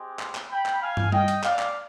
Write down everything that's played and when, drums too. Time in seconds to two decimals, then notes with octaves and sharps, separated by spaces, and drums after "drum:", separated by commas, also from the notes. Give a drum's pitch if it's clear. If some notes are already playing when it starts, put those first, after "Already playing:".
Already playing: G#3 C4 G4
0.19 drum: clap
0.35 drum: clap
0.50 G5 B5
0.66 drum: clap
0.82 F5 G#5
0.97 drum: tom
1.12 D#5 G5, drum: tom G3
1.28 drum: hi-hat
1.44 D5 F5, drum: clap
1.59 drum: clap